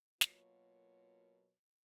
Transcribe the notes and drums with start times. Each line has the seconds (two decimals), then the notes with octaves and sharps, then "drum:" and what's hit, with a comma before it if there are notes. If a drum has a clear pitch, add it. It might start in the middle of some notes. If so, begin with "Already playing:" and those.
0.21 B2 F#3 A#3 F4 A#4 C#5, drum: snare